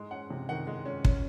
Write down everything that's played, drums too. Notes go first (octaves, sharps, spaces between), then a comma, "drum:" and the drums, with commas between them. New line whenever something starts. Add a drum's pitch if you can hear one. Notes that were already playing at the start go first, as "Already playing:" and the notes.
Already playing: G#2 G#3
C#4 F#5
C3
D#3 F#5
G#3
C#4
C#4, drum: kick